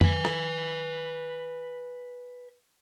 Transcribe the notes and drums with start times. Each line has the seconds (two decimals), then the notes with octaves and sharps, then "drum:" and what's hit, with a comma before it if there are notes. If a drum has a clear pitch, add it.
0.01 B4 G#5, drum: tom F2
0.25 drum: rim click